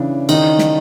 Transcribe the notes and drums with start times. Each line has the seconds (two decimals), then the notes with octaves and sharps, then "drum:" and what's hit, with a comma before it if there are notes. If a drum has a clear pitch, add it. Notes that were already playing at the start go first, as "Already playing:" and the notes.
Already playing: C#3 E3 D4
0.29 D#3 D#4, drum: cymbal
0.59 drum: snare